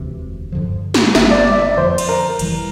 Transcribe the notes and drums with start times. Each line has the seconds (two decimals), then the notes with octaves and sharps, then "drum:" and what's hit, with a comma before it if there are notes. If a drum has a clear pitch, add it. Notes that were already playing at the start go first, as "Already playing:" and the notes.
Already playing: E1 D2 C3 E3
0.52 G2 D3 F3
0.94 drum: snare
1.15 G1 G2 D3 E5, drum: snare
1.31 D5
1.52 E5
1.62 D5
1.77 F2 D3 F3 C5
1.98 drum: cymbal
2.09 A#4
2.39 F1 F2 E3 G3, drum: cymbal